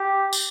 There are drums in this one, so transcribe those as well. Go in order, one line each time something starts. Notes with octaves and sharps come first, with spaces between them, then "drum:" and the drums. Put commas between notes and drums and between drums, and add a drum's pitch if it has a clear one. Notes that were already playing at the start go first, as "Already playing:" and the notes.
Already playing: G4
drum: tambourine